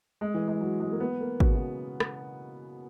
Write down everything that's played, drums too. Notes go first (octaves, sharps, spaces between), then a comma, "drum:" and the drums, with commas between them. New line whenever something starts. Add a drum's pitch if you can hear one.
G#3
E3
G#3
F#3
G#3
A#3
B3
A#3
B2, drum: kick G#1
C#3
B2
drum: rim click